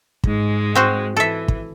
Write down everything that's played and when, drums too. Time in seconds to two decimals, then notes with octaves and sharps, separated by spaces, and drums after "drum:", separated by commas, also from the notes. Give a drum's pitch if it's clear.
0.24 G#2 G#3, drum: kick
0.75 C4 F#4 C5
1.17 E3 A4 E5
1.48 drum: kick